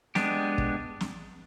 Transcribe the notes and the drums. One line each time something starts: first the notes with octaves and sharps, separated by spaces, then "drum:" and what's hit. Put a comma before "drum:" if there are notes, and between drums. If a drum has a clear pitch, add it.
G#3 B3 D4 G4, drum: snare
drum: kick
drum: snare